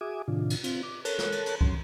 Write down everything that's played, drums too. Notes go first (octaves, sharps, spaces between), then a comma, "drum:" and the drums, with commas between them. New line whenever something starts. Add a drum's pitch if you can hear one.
F#4 G#4 E5 G#5 D6 D#6
A2 C3 D#3 D4 F4
drum: cymbal
C4 F4, drum: cymbal
D6
A4 A#4 C#5 A5 F#6, drum: cymbal
drum: snare
drum: cymbal
drum: cymbal
F#2 F#3 C#4 C6, drum: kick